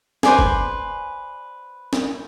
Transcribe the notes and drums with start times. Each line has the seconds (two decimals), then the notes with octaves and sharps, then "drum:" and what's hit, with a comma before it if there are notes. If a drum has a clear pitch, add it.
0.23 B4 C5 D5 G#5, drum: snare
0.39 drum: kick
1.93 drum: snare